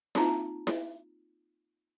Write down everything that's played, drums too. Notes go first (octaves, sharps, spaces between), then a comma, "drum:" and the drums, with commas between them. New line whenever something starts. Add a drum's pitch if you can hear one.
A#3 C4 D#4 F4 A5 A#5, drum: snare E4
drum: snare E4